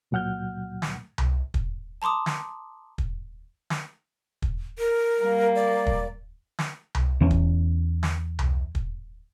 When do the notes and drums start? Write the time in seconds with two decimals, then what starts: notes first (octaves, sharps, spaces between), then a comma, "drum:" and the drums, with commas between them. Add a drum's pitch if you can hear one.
0.11 C#2 A#2 F#3 F#5 F6 G6
0.82 drum: snare
1.18 drum: tom C2
1.54 drum: kick
2.02 A5 A#5 C6 D6 D#6
2.26 drum: snare
2.98 drum: kick
3.70 drum: snare
4.42 drum: kick
4.78 A#4
5.20 G3 A#3
5.55 D5
5.86 drum: kick
6.59 drum: snare
6.95 drum: tom C2
7.20 E2 E3 C#4
7.31 drum: kick
8.03 drum: snare
8.39 drum: tom C2
8.75 drum: kick